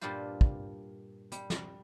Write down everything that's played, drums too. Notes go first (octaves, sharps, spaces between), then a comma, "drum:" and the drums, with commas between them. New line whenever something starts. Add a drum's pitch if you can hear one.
G2 A#2 G3 D4 F4 C5
drum: kick
G3, drum: hi-hat
drum: snare